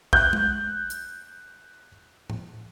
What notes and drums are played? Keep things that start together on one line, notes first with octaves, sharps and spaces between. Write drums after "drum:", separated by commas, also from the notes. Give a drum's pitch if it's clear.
F#6 G6, drum: kick
drum: tom G#3
drum: hi-hat
drum: tom A2